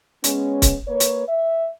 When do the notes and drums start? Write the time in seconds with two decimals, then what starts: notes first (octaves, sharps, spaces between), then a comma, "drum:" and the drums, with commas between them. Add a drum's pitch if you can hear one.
0.24 G#3 B3 C#4, drum: hi-hat
0.62 drum: kick C#1, hi-hat
0.87 A#3 B4 C#5
1.00 drum: hi-hat
1.28 E5